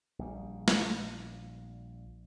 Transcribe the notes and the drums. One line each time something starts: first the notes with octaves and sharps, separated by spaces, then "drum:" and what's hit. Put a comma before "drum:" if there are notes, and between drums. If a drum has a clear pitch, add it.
A#1 G3
drum: snare